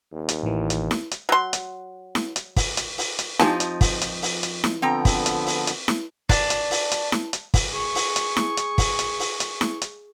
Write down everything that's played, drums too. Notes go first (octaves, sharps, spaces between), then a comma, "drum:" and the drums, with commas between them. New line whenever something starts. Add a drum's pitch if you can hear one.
D#2
drum: hi-hat
A1 E3
drum: hi-hat
drum: snare E4
drum: hi-hat
F#3 C6
drum: hi-hat
drum: snare E4
drum: hi-hat
drum: kick, open hi-hat
drum: hi-hat
drum: open hi-hat
drum: hi-hat
F2 F3 D#4 G4 G#5 A5, drum: snare E4
drum: hi-hat
drum: kick, open hi-hat
drum: hi-hat
drum: open hi-hat
drum: hi-hat
drum: snare E4
D3 F3 B3 C4 G5 A#5
drum: kick, open hi-hat
drum: hi-hat
drum: open hi-hat
drum: hi-hat
drum: snare E4
D4, drum: kick, open hi-hat
drum: hi-hat
drum: open hi-hat
drum: hi-hat
drum: snare E4
drum: hi-hat
drum: kick, open hi-hat
G#4 C#6
drum: open hi-hat
drum: hi-hat
drum: snare E4
drum: hi-hat
drum: kick, open hi-hat
drum: hi-hat
drum: open hi-hat
drum: hi-hat
drum: snare E4
drum: hi-hat